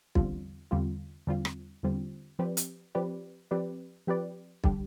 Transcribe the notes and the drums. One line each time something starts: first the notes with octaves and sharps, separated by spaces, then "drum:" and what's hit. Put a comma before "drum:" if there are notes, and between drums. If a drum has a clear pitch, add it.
E2 D3 G3 C4 F4, drum: kick
E2 D3 G3 C4 F4
E2 D3 G3 C4 F4
drum: rim click
E2 D3 G3 C4 F4
F3 C4 G4 B4 D5
drum: hi-hat
F3 C4 G4 B4 D5
F3 C4 G4 B4 D5
F3 C4 G4 B4 D5
D3 G3 D4 G4, drum: kick